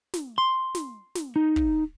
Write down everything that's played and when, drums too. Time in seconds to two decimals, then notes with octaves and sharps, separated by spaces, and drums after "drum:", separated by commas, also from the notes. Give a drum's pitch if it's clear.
0.14 drum: snare
0.38 C6
0.75 drum: snare
1.15 drum: snare
1.36 D#4
1.56 drum: kick